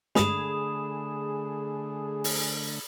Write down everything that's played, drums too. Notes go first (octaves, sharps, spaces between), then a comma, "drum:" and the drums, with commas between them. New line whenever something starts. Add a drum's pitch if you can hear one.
G2 D3 G#3 A3 G#4 B5 D#6 E7, drum: snare
drum: open hi-hat